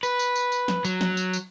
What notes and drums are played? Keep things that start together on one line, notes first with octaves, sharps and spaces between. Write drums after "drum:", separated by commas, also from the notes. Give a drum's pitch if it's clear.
B4, drum: tambourine
drum: tambourine
drum: tambourine
drum: tambourine
drum: snare
F#3, drum: tambourine
drum: snare
drum: tambourine
drum: tambourine